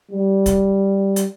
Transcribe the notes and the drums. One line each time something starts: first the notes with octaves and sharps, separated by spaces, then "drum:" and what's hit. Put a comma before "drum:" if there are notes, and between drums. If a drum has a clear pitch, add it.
G3
drum: kick C#1, hi-hat
drum: hi-hat